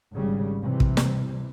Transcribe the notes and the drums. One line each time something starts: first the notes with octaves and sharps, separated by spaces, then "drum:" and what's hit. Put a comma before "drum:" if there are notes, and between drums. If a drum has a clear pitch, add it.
G#1 C#3 G3
C3 E3 G3
drum: kick
drum: snare